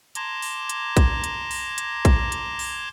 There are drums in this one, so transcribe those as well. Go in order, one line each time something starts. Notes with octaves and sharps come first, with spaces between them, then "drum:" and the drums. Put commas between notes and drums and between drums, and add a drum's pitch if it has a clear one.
A5 A#5 C6 D6 G#6 A#6, drum: hi-hat
drum: open hi-hat
drum: hi-hat
drum: kick, hi-hat
drum: hi-hat
drum: open hi-hat
drum: hi-hat
drum: kick, hi-hat
drum: hi-hat
drum: open hi-hat